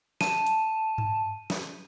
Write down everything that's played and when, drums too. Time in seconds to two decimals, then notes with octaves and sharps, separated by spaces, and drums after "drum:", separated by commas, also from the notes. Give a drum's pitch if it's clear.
0.21 A5 D#7, drum: snare
0.46 drum: hi-hat
0.98 drum: tom G2
1.50 drum: snare